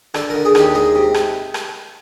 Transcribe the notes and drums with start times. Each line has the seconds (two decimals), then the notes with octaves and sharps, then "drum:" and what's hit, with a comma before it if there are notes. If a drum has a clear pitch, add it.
0.14 D3 A4, drum: rim click
0.30 D3 A#4
0.45 G#4
0.55 D#2 G4, drum: rim click
0.74 G#3 G#4
0.95 C3
1.14 drum: rim click
1.54 drum: rim click